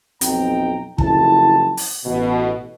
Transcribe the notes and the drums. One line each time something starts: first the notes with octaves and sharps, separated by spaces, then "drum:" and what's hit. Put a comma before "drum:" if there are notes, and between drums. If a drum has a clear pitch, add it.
B1 F2 C4 D#4 G5 A#5, drum: hi-hat
F#1 F2 E4 A5, drum: kick
drum: open hi-hat
A1 B2